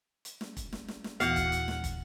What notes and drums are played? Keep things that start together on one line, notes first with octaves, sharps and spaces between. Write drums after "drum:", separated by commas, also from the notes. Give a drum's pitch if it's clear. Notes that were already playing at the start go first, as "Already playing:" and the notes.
drum: hi-hat
drum: snare
drum: kick, hi-hat
drum: snare
drum: snare
drum: snare
D#2 A#2 E3 B3 E4 F#4 F5 F#5, drum: hi-hat
drum: kick, hi-hat
drum: hi-hat
drum: snare
drum: kick, hi-hat